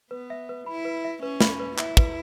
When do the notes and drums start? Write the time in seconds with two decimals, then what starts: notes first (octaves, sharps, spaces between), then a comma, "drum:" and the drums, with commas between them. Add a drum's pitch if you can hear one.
0.11 B3 B4
0.30 E5
0.49 B4
0.66 E4 B5
0.85 B4
1.05 E5
1.23 C#4 B4
1.41 B5, drum: snare
1.60 B4
1.78 E4 E5, drum: clap
1.97 B4, drum: kick